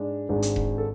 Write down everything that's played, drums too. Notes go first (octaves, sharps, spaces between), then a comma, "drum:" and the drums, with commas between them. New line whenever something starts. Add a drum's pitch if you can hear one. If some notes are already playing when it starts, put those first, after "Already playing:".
Already playing: G#2 G#3 D4
G#1 G#2 G#3 D4
drum: hi-hat
drum: kick E1
A4